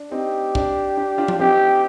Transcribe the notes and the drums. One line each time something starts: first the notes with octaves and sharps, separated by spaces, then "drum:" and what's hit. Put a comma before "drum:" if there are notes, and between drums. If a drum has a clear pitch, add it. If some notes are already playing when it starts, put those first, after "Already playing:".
Already playing: D4
C4 D#4 G4
D4, drum: kick
D4
D4 F4
D4 F4, drum: tom F3
C4 D#4 G4